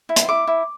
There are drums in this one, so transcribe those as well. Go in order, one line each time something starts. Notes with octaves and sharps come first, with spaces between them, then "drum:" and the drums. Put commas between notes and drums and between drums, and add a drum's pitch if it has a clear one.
E4
C6, drum: hi-hat
E4 D6
E4